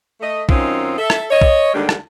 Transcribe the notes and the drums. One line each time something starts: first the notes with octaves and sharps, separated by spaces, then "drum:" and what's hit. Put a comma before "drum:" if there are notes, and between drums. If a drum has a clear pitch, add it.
A3 D#5
F#2 D#3 C4 C#4 D#4 F4, drum: kick
A4 E5
drum: rim click
C#5 D#5
drum: kick
D#2 D3 G3 G#3 D4
drum: rim click